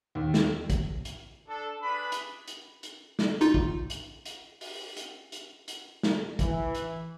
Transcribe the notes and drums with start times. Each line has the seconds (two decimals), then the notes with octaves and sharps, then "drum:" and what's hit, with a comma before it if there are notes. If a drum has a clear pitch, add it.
0.15 D#2
0.34 drum: snare
0.70 drum: kick, hi-hat
1.05 drum: hi-hat
1.48 D4 A4
1.81 D4 G#4 B4 B5
2.12 drum: hi-hat
2.48 drum: hi-hat
2.83 drum: hi-hat
3.19 drum: snare
3.41 D#4 F4
3.54 drum: kick
3.90 drum: hi-hat
4.25 drum: hi-hat
4.61 drum: open hi-hat
4.97 drum: hi-hat
5.32 drum: hi-hat
5.68 drum: hi-hat
6.03 drum: snare
6.39 E3, drum: kick, hi-hat
6.75 drum: hi-hat